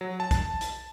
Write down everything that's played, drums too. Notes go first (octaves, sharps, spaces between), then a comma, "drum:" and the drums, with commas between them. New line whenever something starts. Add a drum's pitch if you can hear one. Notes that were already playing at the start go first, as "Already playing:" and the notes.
F#3
A5
drum: kick, hi-hat
drum: hi-hat